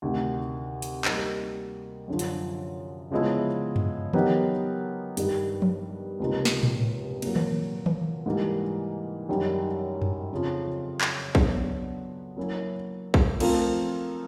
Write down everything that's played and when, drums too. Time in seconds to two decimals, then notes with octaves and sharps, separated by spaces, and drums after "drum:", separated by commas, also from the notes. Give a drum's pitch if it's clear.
0.02 D2 C3 D#3
0.82 drum: hi-hat
1.05 G3 A#3 D#4, drum: clap
2.08 F#2 D3 F3
2.19 drum: hi-hat
3.11 C#3 F3 G#3 B3 E4
3.76 drum: tom F#2
4.13 F#3 B3 D#4 G4 A#4, drum: tom D#3
5.17 G2 D#3 G3, drum: hi-hat
5.62 drum: tom F3
6.20 C#2 C3 F3 A#3 D#4
6.45 drum: snare
6.63 drum: tom A2
7.22 A#2 F#3 A#3, drum: cymbal
7.36 drum: tom D#3
7.86 drum: tom D#3
8.26 G#2 E3 G3 A#3
9.29 F#2 D#3 G3
10.02 drum: tom F#2
10.31 F2 C#3 F3
11.01 drum: clap
11.35 F#3 B3 D4, drum: kick A#1
12.36 F#3 A#3 C#4 E4
13.14 drum: kick A#1
13.40 F3 A3 C4 F4 A#4, drum: cymbal